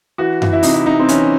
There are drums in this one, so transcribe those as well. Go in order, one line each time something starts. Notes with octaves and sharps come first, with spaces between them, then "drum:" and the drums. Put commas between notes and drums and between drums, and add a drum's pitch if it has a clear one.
E3 F#4
E3, drum: tom F#2
E4
C3 D#4, drum: open hi-hat
E4
C3 D#4
C4
E3 C#4, drum: hi-hat